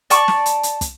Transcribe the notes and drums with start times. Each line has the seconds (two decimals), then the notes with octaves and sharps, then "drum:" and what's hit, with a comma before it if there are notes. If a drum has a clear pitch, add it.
0.10 D5 A5 C#6, drum: hi-hat
0.28 drum: snare
0.46 drum: hi-hat
0.63 drum: hi-hat
0.81 drum: kick, hi-hat